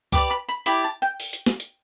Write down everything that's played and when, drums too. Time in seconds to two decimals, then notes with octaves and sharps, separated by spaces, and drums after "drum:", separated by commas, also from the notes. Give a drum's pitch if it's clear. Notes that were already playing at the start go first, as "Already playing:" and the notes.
0.12 G4 B4 D5 D6, drum: kick C2, hi-hat
0.31 B5
0.49 B5
0.66 E4 G4 D5 B5, drum: hi-hat
0.84 A5
1.02 G5
1.20 drum: open hi-hat
1.33 drum: hi-hat
1.46 drum: snare
1.60 drum: hi-hat